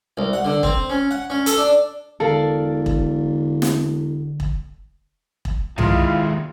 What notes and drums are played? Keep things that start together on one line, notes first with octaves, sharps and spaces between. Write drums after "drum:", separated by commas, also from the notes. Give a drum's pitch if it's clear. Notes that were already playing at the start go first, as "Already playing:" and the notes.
C2
F#5
D3
C4, drum: kick E1
C#4
F#5
C#4
A4, drum: hi-hat
D4
E1 D3 A4 A#4 D5 F5
drum: kick E1
drum: snare
drum: kick E1
drum: kick E1
D#2 G#3 E4 F4, drum: tom B1